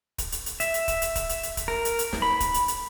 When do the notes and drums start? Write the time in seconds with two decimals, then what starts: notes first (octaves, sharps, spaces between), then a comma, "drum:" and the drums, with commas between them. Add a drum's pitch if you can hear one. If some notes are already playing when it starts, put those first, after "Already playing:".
0.18 drum: kick, hi-hat
0.32 drum: hi-hat
0.46 drum: hi-hat
0.60 E5, drum: hi-hat
0.74 drum: hi-hat
0.88 drum: kick, hi-hat
1.02 drum: hi-hat
1.15 drum: kick, hi-hat
1.29 drum: hi-hat
1.43 drum: hi-hat
1.57 drum: kick, hi-hat
1.68 A#4
1.85 drum: hi-hat
1.99 drum: hi-hat
2.13 drum: snare
2.22 B5
2.40 drum: kick, hi-hat
2.54 drum: hi-hat
2.68 drum: hi-hat